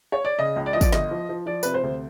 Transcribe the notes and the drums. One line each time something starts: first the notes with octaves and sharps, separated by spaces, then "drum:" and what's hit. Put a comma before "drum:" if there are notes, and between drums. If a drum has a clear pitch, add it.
C#5
D5
C#3 D#5
C#2
D5
F3 D#5
D5, drum: kick, tambourine
G1 D#5, drum: snare
F3
F3
F3 D5
C3 B4, drum: tambourine
C5
D2